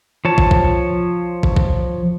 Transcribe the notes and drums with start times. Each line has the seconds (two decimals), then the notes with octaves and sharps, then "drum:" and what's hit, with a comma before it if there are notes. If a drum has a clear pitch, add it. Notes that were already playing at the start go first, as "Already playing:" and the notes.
0.25 F3 C#5 A5
0.38 drum: kick
0.51 drum: kick
1.43 drum: kick
1.56 drum: kick